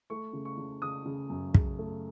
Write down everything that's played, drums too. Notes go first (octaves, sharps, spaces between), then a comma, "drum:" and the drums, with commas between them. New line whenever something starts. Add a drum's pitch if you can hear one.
A3 C#6
C#3
C#6
C#3
C#3 D#6
C#3
F#2
C#3, drum: kick
A3